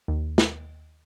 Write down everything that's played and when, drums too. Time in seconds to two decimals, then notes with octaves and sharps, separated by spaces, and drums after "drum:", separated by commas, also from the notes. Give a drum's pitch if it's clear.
0.08 D#2
0.38 drum: snare